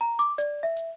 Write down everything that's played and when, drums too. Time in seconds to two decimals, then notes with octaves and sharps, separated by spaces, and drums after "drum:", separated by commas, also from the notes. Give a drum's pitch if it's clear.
0.01 A#5
0.19 D6, drum: hi-hat
0.38 D5, drum: hi-hat
0.63 E5
0.77 drum: hi-hat